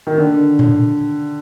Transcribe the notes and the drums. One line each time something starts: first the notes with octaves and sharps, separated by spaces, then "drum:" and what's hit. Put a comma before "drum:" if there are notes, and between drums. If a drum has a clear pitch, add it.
D#3
D3
drum: tom A#2